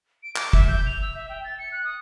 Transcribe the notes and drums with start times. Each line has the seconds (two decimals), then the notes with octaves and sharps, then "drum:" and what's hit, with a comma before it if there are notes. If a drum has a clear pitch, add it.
0.23 D7
0.36 D6, drum: clap
0.53 E5, drum: kick
0.68 G6
0.86 F7
1.02 E6
1.15 E5
1.29 G5
1.44 A6
1.59 C#7
1.72 F#6
1.84 D#6